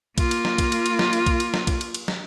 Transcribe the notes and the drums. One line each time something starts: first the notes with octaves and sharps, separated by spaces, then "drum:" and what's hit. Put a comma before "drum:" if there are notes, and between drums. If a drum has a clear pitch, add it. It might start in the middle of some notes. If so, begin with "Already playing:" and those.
A#3 F4, drum: kick B1, cymbal
drum: cymbal
drum: snare
drum: kick B1, cymbal
drum: cymbal
drum: cymbal
drum: snare
drum: cymbal
drum: kick B1, cymbal
drum: cymbal
drum: snare
drum: kick B1, cymbal
drum: cymbal
drum: cymbal
drum: snare